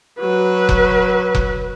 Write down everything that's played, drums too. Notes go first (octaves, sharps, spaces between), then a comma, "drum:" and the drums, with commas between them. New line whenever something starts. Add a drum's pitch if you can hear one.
F#3 B4
drum: kick F1
drum: kick F1